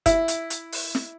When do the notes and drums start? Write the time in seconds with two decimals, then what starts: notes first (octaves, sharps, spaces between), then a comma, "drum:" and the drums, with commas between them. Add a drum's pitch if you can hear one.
0.06 E4, drum: kick F#1, hi-hat
0.28 drum: hi-hat
0.50 drum: hi-hat
0.72 drum: open hi-hat
0.95 drum: snare